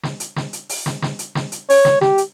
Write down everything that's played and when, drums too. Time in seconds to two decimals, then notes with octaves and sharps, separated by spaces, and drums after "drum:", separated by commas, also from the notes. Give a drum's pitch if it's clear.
0.03 drum: snare
0.20 drum: hi-hat
0.36 drum: snare
0.53 drum: hi-hat
0.69 drum: open hi-hat
0.86 drum: snare
1.02 drum: snare
1.19 drum: hi-hat
1.35 drum: snare
1.52 drum: hi-hat
1.70 C#5, drum: open hi-hat
1.85 drum: snare
2.01 G4, drum: snare
2.18 drum: hi-hat